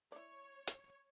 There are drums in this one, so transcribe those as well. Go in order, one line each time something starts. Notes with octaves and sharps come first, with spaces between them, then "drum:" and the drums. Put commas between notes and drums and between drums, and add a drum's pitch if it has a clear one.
E4 C#5 D5
drum: hi-hat